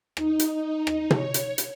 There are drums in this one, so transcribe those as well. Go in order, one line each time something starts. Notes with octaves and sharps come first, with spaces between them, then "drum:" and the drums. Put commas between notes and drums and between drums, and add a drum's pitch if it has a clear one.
D#4, drum: rim click
drum: hi-hat
D#4
drum: rim click
C#5, drum: tom
drum: hi-hat
drum: hi-hat